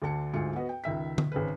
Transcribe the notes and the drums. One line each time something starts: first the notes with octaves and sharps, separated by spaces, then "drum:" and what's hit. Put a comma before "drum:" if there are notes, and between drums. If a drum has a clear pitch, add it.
D2 D3 A5 C#7
D2 G#2 F4 C#7
B3 F#4 B4 D#5
G5
C#2 D#3 E5 B6
drum: tom D3
G#1 C#3 B4